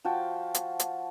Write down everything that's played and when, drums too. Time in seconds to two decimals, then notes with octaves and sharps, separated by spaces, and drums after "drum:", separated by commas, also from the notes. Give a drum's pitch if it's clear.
0.04 F3 F#4 G5 A5
0.54 drum: hi-hat
0.79 drum: hi-hat